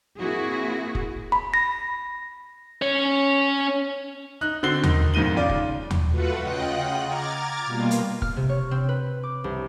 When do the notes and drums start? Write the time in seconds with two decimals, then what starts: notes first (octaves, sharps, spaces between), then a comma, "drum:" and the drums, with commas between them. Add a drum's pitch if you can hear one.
0.18 A#3 C4 E4 F#4 G#4
0.95 drum: kick
1.32 B5
1.54 A#6
2.82 C#4 C#5
4.41 D#4 F#6
4.63 D3 C4 F#4 C7 G7
4.83 D#3 D#4, drum: tom
5.14 F2 G#2 B2 D#3 D#7 G7
5.36 C#3 F4 D5
5.49 drum: kick
5.91 drum: tom
6.10 A3 F4 F#4 B4 F#5
6.41 C#3 F4 D#5 F#5 G5 F#6
7.06 A#5 D6 F6 G#6 A6
7.65 B2 G3 A#3 F4
7.91 drum: hi-hat
8.22 F6, drum: kick
8.36 C3
8.49 C#5
8.71 C4
8.89 B4
9.23 D6
9.44 C2